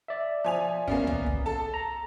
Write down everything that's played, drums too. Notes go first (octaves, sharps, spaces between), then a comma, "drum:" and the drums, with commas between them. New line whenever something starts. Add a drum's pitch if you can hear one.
D5 E5
F3 G#5 F7
A#3 B3 C#4, drum: kick
drum: tom
drum: kick
A4 A5
A#5